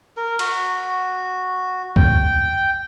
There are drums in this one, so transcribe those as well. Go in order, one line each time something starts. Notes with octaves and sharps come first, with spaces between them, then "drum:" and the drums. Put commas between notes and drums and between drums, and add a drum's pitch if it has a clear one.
A#4
F#4, drum: cymbal
G5, drum: kick C#2